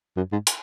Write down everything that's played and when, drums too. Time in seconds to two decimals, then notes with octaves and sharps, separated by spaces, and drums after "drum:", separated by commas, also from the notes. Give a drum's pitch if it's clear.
0.17 F#2
0.32 G#2
0.47 drum: hi-hat